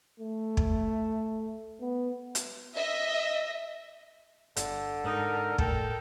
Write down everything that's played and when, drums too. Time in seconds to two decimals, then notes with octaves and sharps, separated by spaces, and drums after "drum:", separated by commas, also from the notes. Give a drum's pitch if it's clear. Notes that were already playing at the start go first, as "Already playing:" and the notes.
0.20 A3
0.57 drum: kick
1.81 B3
2.35 drum: hi-hat
2.76 D#5 E5
4.57 G1 D3, drum: hi-hat
5.04 G#2 D#4 A#4 D#5
5.58 A2 A4 A#4 G5, drum: kick